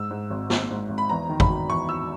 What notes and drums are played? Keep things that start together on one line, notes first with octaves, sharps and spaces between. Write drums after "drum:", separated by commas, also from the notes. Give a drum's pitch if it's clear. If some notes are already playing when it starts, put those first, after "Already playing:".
Already playing: G#2 E6
G#2
G#1
G#1, drum: snare
G#2
G#1
B5
E2 A#5
D#3
B5, drum: kick
F#3
E2 C#6
F#3 E6